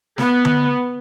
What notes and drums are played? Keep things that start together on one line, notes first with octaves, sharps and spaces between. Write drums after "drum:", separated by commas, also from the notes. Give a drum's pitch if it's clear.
B3, drum: snare
drum: tom D3